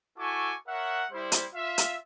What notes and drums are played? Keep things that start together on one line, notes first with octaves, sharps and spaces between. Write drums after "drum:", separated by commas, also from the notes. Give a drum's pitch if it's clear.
E4 F#4 A4 G#5 C#6 D6
A#4 C#5 E5 F#5
G3 E4 C5
drum: hi-hat
F4 E5 F5
drum: hi-hat